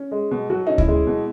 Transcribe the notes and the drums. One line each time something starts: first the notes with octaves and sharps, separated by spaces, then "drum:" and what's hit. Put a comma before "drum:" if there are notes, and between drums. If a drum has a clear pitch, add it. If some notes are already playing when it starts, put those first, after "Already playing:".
Already playing: C#4
G#3
B2
B2 F#3 F#4
C#4 D#4
E4, drum: kick D2
G#3
B2